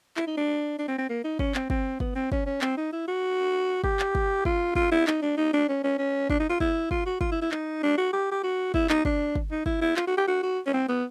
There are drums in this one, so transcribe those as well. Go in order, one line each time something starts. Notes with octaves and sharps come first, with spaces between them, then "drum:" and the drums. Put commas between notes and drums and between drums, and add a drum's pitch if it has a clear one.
E4, drum: clap
D#4
D4
D4
C4
C4
A#3
D#4
C#4, drum: kick
C4, drum: clap
C4, drum: kick
B3, drum: kick
C4
C#4, drum: kick
C#4
C4, drum: clap
D#4
E4
F#4
G4, drum: kick
drum: clap
drum: kick
F4, drum: kick
F4, drum: kick
E4
D#4, drum: clap
D4
D#4
D4
C#4
C#4
C#4
D4, drum: kick
D#4
F4
E4, drum: kick
F4, drum: kick
F#4
F4, drum: kick
E4
E4
D#4, drum: clap
D4
F#4
G4
G4
F#4
E4, drum: kick
D#4, drum: clap
D4, drum: kick
drum: kick
D#4
E4, drum: kick
E4
F4, drum: clap
F#4
G4
F#4
F#4
C#4
C4
B3